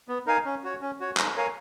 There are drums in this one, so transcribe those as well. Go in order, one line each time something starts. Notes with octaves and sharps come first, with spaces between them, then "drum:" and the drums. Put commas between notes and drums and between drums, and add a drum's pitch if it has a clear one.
B3
D#4 A#4 F5 G#5
C#4
F#4 C#5
C#4
F#4 C#5
D#4, drum: clap
A#4 C#5 F5 G#5